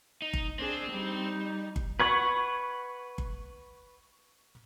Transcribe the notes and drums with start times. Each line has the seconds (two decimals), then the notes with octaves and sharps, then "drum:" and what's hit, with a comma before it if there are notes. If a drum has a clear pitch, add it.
0.22 D#4
0.33 drum: kick G1
0.59 C4 D4 G#4
0.91 G3 D#4
1.76 drum: kick G1
2.00 B4 F#5 C#6 G#6 B6
3.18 drum: kick G1